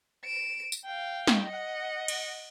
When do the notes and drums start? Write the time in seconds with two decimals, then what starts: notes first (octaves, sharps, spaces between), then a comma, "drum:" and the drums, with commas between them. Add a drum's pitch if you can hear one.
0.25 D7 E7
0.72 drum: tambourine
0.85 F5 G5
1.27 drum: snare
1.45 D#5 F#5
2.08 drum: cymbal